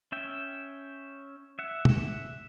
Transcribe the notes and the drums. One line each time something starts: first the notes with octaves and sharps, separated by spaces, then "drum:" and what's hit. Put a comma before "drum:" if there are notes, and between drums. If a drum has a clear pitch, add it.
C#4 E5 G5
E5 F#5
drum: tom B2